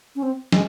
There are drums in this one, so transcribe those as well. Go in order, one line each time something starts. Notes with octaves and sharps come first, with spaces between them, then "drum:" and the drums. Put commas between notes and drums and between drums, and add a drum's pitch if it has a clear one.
C#4
C4
G#3, drum: snare